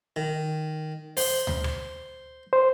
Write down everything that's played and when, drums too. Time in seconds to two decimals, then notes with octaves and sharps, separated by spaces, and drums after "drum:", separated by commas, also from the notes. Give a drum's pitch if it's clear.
0.16 D#3
1.17 C5, drum: open hi-hat
1.47 drum: tom D2
1.64 drum: rim click
2.53 C5